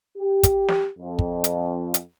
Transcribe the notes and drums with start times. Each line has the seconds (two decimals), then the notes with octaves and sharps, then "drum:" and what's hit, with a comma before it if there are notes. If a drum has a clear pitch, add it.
0.18 G4
0.43 drum: kick, hi-hat
0.68 drum: snare
0.99 F2
1.19 drum: kick
1.44 drum: hi-hat
1.94 drum: hi-hat